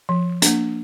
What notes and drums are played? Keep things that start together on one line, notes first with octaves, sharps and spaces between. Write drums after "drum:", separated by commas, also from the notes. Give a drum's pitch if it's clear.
F3
A#3 D4, drum: hi-hat